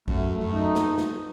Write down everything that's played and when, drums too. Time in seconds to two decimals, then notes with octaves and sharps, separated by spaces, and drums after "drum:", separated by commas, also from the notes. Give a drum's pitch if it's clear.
0.08 F#2 A3, drum: kick
0.30 A3
0.41 F#2
0.53 D#4
0.75 drum: snare
0.98 drum: snare